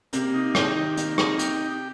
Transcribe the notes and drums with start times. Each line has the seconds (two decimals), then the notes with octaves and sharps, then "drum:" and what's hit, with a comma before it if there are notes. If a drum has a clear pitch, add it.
0.13 C3 A#3, drum: hi-hat
0.34 D#4
0.55 G4, drum: rim click
0.76 D#3
0.97 A#3, drum: hi-hat
1.18 D#4, drum: rim click
1.39 G4, drum: hi-hat